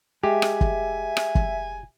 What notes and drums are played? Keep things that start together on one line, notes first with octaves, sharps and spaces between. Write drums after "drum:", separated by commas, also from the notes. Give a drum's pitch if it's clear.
G#3 G4 E5 G#5
drum: rim click
drum: kick
drum: rim click
drum: kick